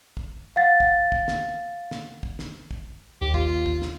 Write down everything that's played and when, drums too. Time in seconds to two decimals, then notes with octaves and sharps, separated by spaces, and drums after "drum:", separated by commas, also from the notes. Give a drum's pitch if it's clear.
0.17 drum: kick
0.56 F5 F#5 A6
0.80 drum: kick
1.12 drum: kick
1.28 drum: snare
1.91 drum: snare
2.23 drum: kick
2.39 drum: snare
2.71 drum: kick
3.21 D#2 G4
3.34 F4, drum: kick
3.66 drum: kick
3.82 drum: snare